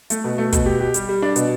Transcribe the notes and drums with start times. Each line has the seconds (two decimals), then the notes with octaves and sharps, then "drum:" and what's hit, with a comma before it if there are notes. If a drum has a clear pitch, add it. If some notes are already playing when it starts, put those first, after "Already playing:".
0.10 A3, drum: hi-hat
0.24 B2
0.38 A3
0.53 B2, drum: kick, hi-hat
0.66 G4
0.80 G4
0.94 G3, drum: hi-hat
1.09 G3
1.22 D4
1.36 B2, drum: hi-hat